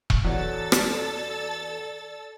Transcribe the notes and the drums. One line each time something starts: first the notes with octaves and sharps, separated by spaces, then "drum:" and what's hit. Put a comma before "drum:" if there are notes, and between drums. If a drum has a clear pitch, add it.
drum: kick E1
E2 F#4 A4 C#5 D5 F#5 E6 A6
drum: rim click